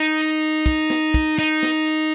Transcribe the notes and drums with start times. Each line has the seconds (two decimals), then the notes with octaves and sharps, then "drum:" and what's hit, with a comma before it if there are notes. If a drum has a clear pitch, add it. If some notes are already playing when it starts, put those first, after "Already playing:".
Already playing: D#4
0.66 drum: kick, hi-hat
0.90 drum: snare
1.14 drum: kick, hi-hat
1.39 D#4, drum: hi-hat
1.63 drum: snare
1.87 drum: hi-hat